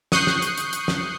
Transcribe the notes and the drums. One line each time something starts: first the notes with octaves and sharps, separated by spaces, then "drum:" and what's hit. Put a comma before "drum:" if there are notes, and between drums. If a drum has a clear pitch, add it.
C#6 D#6 F#6 G6 C7, drum: snare
drum: snare
drum: hi-hat
drum: hi-hat
drum: hi-hat
drum: snare